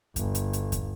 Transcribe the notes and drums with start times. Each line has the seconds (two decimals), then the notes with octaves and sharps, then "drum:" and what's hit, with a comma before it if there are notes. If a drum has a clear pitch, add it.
0.16 G1, drum: kick D#2, hi-hat
0.35 drum: hi-hat
0.53 drum: hi-hat
0.72 drum: kick D#2, hi-hat